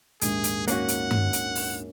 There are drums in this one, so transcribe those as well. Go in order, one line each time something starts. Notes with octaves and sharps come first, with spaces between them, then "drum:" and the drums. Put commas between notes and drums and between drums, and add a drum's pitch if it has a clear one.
A#1 D#2 G#2 G#4, drum: hi-hat
drum: hi-hat
A#3 C#4 F#4 F#5, drum: hi-hat
drum: hi-hat
drum: tom G2
drum: hi-hat
drum: open hi-hat